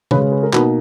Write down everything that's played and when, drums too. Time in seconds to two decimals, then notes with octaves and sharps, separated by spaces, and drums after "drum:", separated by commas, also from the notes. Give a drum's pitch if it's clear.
0.11 C#3 G#3 C#4 B4, drum: tom
0.21 B4
0.32 B4
0.43 A#4
0.53 B2 A#3 D#4 B4, drum: clap